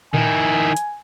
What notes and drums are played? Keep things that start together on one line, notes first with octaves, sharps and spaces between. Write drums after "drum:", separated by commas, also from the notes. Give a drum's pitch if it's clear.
D#3 E4 G#5, drum: tom A2
drum: hi-hat